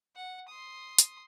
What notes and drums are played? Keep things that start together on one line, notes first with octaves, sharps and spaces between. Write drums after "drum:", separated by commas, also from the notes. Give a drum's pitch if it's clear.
F#5
C6 D#6
drum: hi-hat